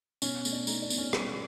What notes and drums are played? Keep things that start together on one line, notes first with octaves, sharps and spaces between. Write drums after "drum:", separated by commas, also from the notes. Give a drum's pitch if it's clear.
B2 C#4, drum: tambourine
A3, drum: tambourine
D4
A3 D#4, drum: tambourine
D4
B2, drum: tambourine
C#4
G3, drum: rim click